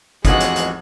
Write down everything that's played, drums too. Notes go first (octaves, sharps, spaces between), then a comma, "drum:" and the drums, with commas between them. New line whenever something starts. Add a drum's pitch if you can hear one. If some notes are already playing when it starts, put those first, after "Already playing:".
A1 F2 G#3 D#4 F4 F#4 F#6 G#6, drum: kick, hi-hat
drum: hi-hat
drum: hi-hat